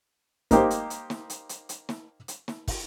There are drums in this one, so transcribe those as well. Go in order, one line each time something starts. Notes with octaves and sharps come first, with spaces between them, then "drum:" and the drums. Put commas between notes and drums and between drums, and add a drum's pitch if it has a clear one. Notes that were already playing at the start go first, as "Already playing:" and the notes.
A#3 D#4 G4 C5, drum: kick, hi-hat
drum: hi-hat
drum: hi-hat
drum: snare
drum: hi-hat
drum: hi-hat
drum: hi-hat
drum: snare
drum: hi-hat
drum: snare
drum: kick, open hi-hat